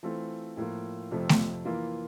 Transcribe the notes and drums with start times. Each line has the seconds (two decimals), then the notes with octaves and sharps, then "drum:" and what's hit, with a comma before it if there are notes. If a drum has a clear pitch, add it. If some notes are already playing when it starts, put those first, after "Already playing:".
0.03 E3 A3 C4 F4
0.57 A2 F3 A#3 F4
1.11 F2 C3 F3 A3
1.29 drum: snare A3
1.65 E3 A#3 F4